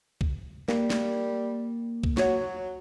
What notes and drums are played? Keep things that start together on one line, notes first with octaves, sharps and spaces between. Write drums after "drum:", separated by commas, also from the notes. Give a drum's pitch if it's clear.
drum: kick C2
G3 A#3, drum: snare
drum: snare
drum: kick C2
F#3 F#4 C#5 F#5, drum: snare